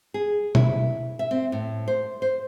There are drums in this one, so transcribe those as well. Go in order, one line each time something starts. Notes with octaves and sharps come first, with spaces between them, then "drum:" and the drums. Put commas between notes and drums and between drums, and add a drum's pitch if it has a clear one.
G#4
E4, drum: tom
E5
C4
A2
C5
C5